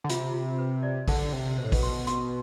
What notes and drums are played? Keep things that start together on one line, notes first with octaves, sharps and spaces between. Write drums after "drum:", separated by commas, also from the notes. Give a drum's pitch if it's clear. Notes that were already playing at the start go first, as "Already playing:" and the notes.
D3
C3 F4, drum: hi-hat
F4
B4
D5
D3 G4, drum: kick, open hi-hat
C3 G5
B2 C5
A2
B2, drum: kick, open hi-hat
C6
C6, drum: hi-hat